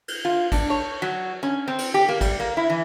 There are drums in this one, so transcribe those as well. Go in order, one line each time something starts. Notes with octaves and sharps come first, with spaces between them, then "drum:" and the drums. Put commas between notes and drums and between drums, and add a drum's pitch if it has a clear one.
drum: cymbal
F4
D4, drum: kick, cymbal
C#5
F#3
C#4
C4
drum: cymbal
G4
A#3
G3, drum: kick, cymbal
A#3
E4
E3